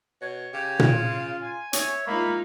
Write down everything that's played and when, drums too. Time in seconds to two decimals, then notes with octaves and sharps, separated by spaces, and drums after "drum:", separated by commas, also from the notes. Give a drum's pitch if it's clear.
0.21 B2 C#5
0.54 C#3 G4
0.79 drum: tom A#2
0.92 F4
1.41 G#5
1.73 C#5 E5, drum: hi-hat
2.07 G#3 A#3 D#4 F4 B5